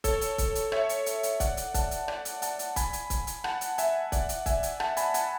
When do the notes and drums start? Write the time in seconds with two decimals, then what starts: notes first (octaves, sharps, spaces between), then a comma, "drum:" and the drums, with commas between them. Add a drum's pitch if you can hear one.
0.04 A4 C#5, drum: kick C#1, hi-hat
0.21 drum: hi-hat
0.38 drum: kick C#1, hi-hat
0.55 drum: hi-hat
0.72 C#5 E5, drum: rim click
0.89 drum: hi-hat
1.06 drum: hi-hat
1.23 drum: hi-hat
1.40 D5 F#5, drum: kick C#1, hi-hat
1.57 drum: hi-hat
1.74 F#5 A5, drum: kick C#1, hi-hat
1.91 drum: hi-hat
2.08 D5 F#5, drum: rim click
2.25 drum: hi-hat
2.42 F#5 A5, drum: hi-hat
2.59 drum: hi-hat
2.76 G#5 B5, drum: kick C#1, hi-hat
2.93 drum: hi-hat
3.10 drum: kick C#1, hi-hat
3.27 drum: hi-hat
3.44 F#5 A5, drum: rim click
3.61 drum: hi-hat
3.78 E5 G#5, drum: hi-hat
4.12 D5 F#5, drum: kick C#1, hi-hat
4.29 drum: hi-hat
4.46 E5 G#5, drum: kick C#1, hi-hat
4.63 drum: hi-hat
4.80 F#5 A5, drum: rim click
4.97 G#5 B5, drum: hi-hat
5.14 F#5 A5, drum: hi-hat